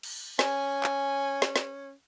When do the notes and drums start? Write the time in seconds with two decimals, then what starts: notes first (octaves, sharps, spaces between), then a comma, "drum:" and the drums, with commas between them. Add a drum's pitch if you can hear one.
0.03 drum: cymbal
0.39 C#4 G#5, drum: snare
0.83 drum: clap
1.42 drum: snare
1.56 drum: snare